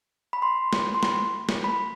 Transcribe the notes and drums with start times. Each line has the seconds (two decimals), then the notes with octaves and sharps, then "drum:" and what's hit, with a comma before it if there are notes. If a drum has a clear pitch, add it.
0.33 B5
0.42 C6
0.73 drum: snare
0.95 C6
1.03 B5, drum: snare
1.49 drum: snare
1.64 B5